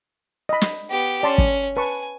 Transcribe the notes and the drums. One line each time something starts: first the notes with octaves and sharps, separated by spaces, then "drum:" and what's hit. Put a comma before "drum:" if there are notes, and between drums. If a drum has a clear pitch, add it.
D#5 B5
drum: snare
B3 G4
C#4 D5 A5 C6
drum: kick
B4 G#5 A5 C#6